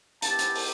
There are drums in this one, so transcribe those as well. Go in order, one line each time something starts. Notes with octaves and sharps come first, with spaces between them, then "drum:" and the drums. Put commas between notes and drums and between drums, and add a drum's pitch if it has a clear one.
B3 E4 G4 A5, drum: hi-hat
drum: hi-hat
drum: open hi-hat